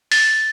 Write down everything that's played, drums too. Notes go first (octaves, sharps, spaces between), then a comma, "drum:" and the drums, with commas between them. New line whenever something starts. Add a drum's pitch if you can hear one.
A6, drum: open hi-hat